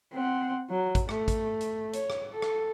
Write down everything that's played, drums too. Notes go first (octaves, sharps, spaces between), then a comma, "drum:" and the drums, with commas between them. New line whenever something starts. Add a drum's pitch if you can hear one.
C4 F#5
F#3
drum: kick, hi-hat
A3, drum: rim click
drum: kick, hi-hat
drum: hi-hat
C#5, drum: hi-hat
drum: rim click
A4
drum: rim click